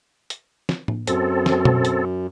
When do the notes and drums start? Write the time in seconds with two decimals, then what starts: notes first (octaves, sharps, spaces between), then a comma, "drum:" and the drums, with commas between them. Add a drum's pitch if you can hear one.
0.30 drum: hi-hat
0.69 drum: snare
0.88 drum: tom A2
1.07 F#2 C4 A4, drum: hi-hat
1.46 drum: snare
1.65 drum: tom B2
1.85 drum: hi-hat